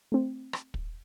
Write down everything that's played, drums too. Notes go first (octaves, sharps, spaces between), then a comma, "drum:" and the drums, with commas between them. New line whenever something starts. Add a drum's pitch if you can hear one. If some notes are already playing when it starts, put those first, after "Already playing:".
A3 C4
drum: rim click
drum: kick